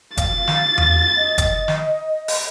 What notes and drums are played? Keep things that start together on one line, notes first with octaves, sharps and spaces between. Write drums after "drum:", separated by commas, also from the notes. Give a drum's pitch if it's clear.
F5 A6, drum: kick F#1, hi-hat
drum: snare
drum: tom E2
D#5
drum: kick F#1, hi-hat
drum: snare
drum: open hi-hat